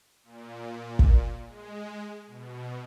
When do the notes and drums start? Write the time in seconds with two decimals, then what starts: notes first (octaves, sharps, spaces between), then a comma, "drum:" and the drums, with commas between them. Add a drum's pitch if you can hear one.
0.24 A#2
0.99 drum: kick
1.46 G#3
2.27 B2